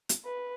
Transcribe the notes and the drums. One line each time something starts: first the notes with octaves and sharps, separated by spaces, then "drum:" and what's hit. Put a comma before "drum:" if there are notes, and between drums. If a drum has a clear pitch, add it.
drum: hi-hat
B4